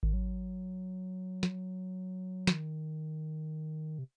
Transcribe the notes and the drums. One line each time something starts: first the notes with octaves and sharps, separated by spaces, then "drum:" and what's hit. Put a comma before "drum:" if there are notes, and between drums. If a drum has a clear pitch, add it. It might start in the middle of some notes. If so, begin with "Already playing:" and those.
D#3, drum: kick G#1
F#3
drum: snare
D#3, drum: snare
C3